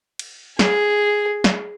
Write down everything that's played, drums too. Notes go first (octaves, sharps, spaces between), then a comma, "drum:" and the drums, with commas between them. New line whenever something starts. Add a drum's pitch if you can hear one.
drum: cymbal
G#4, drum: snare
drum: snare